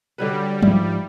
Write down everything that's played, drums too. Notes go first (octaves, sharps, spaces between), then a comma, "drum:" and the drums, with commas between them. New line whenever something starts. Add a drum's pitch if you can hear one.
D3 F#3 G3 B4
G#2 F3 E4, drum: tom F#3